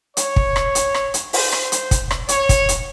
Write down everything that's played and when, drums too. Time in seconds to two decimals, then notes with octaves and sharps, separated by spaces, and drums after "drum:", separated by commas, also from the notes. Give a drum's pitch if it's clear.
0.17 C#5, drum: hi-hat
0.36 drum: kick
0.56 drum: rim click
0.75 drum: hi-hat
0.94 drum: rim click
1.14 drum: hi-hat
1.33 C5, drum: open hi-hat
1.52 drum: rim click
1.72 drum: hi-hat
1.91 drum: kick, hi-hat
2.11 drum: rim click
2.29 C#5, drum: hi-hat
2.49 drum: kick, hi-hat
2.69 drum: hi-hat